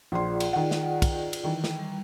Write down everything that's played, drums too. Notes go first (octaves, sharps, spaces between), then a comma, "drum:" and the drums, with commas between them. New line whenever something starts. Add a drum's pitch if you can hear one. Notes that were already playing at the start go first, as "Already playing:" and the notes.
A#1 F4 G#4 D5 C6
drum: cymbal
D#3 F#5
drum: snare
drum: kick, cymbal
drum: cymbal
D#3 E3
drum: snare
G3